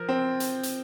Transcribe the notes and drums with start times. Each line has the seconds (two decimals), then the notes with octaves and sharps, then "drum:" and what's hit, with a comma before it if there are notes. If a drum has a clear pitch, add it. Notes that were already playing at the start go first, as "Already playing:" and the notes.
Already playing: F3 A#4
0.09 C4
0.40 drum: hi-hat
0.63 drum: hi-hat